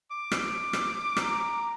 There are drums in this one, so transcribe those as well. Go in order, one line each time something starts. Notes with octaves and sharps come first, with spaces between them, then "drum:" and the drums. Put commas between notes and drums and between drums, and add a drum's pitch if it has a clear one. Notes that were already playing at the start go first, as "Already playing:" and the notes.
D6
drum: rim click
drum: rim click
A#5, drum: rim click